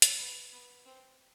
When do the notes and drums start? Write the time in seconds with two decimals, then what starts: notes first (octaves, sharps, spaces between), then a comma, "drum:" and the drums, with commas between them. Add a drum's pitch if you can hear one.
0.02 drum: hi-hat
0.17 B3
0.52 B3
0.86 C4